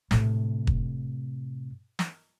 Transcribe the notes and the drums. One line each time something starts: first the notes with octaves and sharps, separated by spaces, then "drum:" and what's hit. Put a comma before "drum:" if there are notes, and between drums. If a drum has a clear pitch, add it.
A2 C3, drum: snare
drum: kick
drum: snare